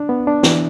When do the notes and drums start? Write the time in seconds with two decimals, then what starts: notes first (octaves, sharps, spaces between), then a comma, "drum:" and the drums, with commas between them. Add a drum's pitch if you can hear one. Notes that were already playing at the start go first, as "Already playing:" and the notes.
Already playing: D4
0.09 B3
0.27 D4
0.43 E3, drum: snare